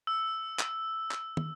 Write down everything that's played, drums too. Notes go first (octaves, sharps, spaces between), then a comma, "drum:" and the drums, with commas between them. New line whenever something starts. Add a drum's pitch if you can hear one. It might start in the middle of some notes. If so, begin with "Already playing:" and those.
E6
drum: clap
drum: clap
drum: tom